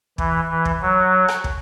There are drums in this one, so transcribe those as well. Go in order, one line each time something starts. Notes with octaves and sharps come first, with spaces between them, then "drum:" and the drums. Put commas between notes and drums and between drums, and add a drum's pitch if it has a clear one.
E3, drum: kick
E3
drum: kick
F#3
drum: rim click
drum: kick